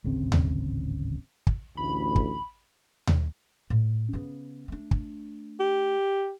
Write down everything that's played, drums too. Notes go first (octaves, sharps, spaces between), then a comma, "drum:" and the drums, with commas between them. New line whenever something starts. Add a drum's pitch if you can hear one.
D1 G#1 C#3 C4
drum: tom D#2
drum: kick
A1 D2 B5
drum: kick
drum: tom D#2
A2
C#3 B3
A3 D4
drum: kick
G4